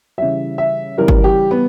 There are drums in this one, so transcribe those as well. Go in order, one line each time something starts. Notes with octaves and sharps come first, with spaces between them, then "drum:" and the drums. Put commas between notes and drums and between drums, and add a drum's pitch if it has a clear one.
C#3 E3 G3 E5
E5
C#3 E3 G3 A#4
drum: kick G1
G4
B3